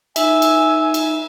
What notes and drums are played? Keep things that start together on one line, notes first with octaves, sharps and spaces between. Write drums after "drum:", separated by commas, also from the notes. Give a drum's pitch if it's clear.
D#4 E5 G#5 E6, drum: cymbal
drum: cymbal
drum: cymbal